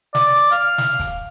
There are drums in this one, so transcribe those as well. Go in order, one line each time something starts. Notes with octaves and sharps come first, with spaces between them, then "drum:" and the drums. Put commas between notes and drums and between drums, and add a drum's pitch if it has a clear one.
D5, drum: snare
drum: hi-hat
F5
drum: snare
drum: kick, hi-hat